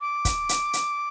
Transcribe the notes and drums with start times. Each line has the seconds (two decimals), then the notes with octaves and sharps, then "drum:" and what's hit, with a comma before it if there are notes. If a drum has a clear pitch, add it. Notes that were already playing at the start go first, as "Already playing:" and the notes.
0.01 D6
0.25 drum: kick, hi-hat
0.49 drum: hi-hat
0.73 drum: hi-hat